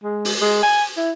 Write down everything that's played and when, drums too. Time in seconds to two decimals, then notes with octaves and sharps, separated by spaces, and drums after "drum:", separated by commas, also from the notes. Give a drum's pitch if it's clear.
0.04 G#3
0.25 drum: open hi-hat
0.41 G#3
0.63 G#5
0.97 E4